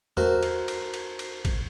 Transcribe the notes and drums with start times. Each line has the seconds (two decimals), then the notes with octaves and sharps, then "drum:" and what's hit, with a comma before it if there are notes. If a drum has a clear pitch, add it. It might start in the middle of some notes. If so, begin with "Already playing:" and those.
0.17 A3 F#4 A#4 C5, drum: tom E2
0.43 drum: cymbal
0.68 drum: cymbal
0.94 drum: cymbal
1.19 drum: cymbal
1.45 drum: kick, cymbal